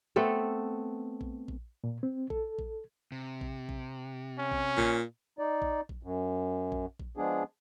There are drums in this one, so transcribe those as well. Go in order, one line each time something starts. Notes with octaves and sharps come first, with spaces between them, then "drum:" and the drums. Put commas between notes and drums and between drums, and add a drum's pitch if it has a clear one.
A3 B3 C4 A4
drum: kick A#1
drum: kick A#1
A#2
C4
A4, drum: kick A#1
drum: kick A#1
C3
drum: kick A#1
drum: kick A#1
C#4
drum: kick A#1
A#2, drum: kick A#1
D#4 D5
drum: kick A#1
drum: kick A#1
F#2
drum: kick A#1
drum: kick A#1
F3 G#3 B3 D4 G#4